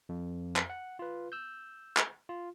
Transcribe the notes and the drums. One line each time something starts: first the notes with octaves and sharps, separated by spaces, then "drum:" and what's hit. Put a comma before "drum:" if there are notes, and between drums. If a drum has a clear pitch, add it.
F2
drum: clap
F#5
F4 B4
E6 G6
drum: clap
F4